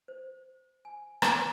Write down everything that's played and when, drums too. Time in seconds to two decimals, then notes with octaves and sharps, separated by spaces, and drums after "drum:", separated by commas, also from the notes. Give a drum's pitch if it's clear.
0.08 C5
0.85 G#5
1.22 drum: rim click